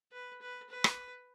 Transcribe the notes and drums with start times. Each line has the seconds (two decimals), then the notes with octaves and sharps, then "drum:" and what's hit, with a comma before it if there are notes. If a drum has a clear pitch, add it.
0.12 B4
0.41 B4
0.69 B4
0.84 drum: rim click